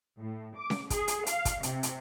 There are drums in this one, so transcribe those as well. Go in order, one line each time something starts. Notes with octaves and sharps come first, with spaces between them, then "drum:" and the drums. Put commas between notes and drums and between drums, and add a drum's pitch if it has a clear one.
A2
D6
drum: snare C#4
G#4, drum: kick, hi-hat
drum: hi-hat
F5, drum: hi-hat
drum: kick, hi-hat
C3, drum: hi-hat
drum: hi-hat